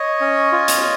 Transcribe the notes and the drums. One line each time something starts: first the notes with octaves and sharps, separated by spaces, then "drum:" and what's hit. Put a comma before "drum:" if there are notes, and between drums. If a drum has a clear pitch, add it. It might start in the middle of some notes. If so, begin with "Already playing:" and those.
Already playing: C#5 D#5
C#4
F4
drum: hi-hat